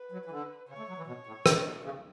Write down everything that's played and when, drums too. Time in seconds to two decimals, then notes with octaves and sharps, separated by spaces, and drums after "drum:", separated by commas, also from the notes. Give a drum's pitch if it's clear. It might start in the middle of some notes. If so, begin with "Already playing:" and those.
Already playing: B4
0.12 F#3
0.26 E3
0.31 D3
0.69 C#3 C#5
0.78 A3
0.89 F#3
0.97 E3
1.07 B2 C#5
1.27 A2
1.46 B2, drum: rim click
1.64 B2
1.84 C#3